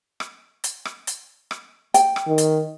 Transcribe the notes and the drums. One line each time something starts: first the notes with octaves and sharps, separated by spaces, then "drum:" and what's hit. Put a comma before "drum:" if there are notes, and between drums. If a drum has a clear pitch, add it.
drum: rim click
drum: hi-hat
drum: rim click
drum: hi-hat
drum: rim click
G5, drum: hi-hat
drum: rim click
D#3
drum: hi-hat